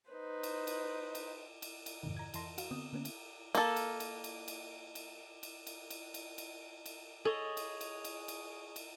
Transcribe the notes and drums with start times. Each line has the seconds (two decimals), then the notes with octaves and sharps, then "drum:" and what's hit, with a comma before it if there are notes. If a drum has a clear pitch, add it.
0.10 D#4 B4 C5
0.43 drum: cymbal
0.67 drum: cymbal
1.15 drum: cymbal
1.62 drum: cymbal
1.86 drum: cymbal
2.03 F2 G#2 C3 D#3
2.17 A#5 G#6
2.34 F2 E3 A5 C6 A#6, drum: cymbal
2.58 F#4 F5, drum: cymbal
2.71 D3 B3 C4 D#6
2.93 D3 A#3 B3 C#4
3.05 drum: cymbal
3.55 A#3 A4, drum: cymbal
3.76 drum: cymbal
4.00 drum: cymbal
4.24 drum: cymbal
4.48 drum: cymbal
4.95 drum: cymbal
5.43 drum: cymbal
5.67 drum: cymbal
5.90 drum: cymbal
6.14 drum: cymbal
6.38 drum: cymbal
6.86 drum: cymbal
7.25 G#4 A4 C#5 D#5
7.57 drum: cymbal
7.81 drum: cymbal
8.04 drum: cymbal
8.28 drum: cymbal
8.76 drum: cymbal